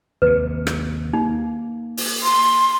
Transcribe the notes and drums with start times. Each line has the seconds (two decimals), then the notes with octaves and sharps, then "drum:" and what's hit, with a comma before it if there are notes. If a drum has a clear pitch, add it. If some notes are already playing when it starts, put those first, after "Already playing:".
0.22 D#2 C3 B4
0.67 drum: rim click
1.14 A#3 D#4
1.97 drum: open hi-hat
2.23 C6